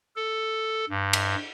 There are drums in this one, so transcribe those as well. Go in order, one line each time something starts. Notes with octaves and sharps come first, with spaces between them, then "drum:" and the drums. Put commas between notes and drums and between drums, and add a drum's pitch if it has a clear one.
A4
G2
drum: cymbal